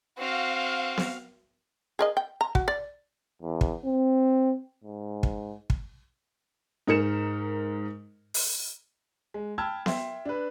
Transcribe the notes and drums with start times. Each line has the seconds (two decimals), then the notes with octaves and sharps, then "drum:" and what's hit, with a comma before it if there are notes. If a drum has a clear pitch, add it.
0.18 C4 F#4 F5
0.97 drum: snare B3
1.99 G#4 A#4 D#5
2.17 G5
2.41 A#5
2.55 F#4, drum: kick
2.68 D5
3.42 E2
3.61 drum: kick
3.85 C4
4.84 G#2
5.23 drum: kick
5.70 drum: kick
6.87 G#2 D#4 A#4 C#7 E7
8.34 drum: open hi-hat
9.34 G#3
9.58 G5 A5 B5 E6 F6 G#6
9.86 E5 G5 C6, drum: snare B3
10.25 D4 B4